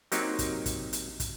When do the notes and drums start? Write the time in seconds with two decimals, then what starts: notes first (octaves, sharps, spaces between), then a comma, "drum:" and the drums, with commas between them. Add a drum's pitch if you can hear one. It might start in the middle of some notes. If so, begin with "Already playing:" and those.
0.12 F#3 A#3 C4 D#4 F#4 G4, drum: hi-hat
0.39 drum: kick, hi-hat
0.66 drum: kick, hi-hat
0.93 drum: hi-hat
1.20 drum: kick, hi-hat